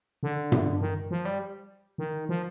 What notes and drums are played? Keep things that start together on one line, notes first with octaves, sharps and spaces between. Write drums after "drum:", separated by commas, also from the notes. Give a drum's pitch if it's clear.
D3
drum: tom G2
D#3
F3
G3
D#3
F3